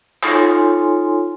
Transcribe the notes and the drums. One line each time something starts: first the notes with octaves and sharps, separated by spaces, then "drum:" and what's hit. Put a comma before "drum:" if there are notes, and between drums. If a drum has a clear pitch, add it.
D#4 F4 A4 C#5 G#5 C6, drum: clap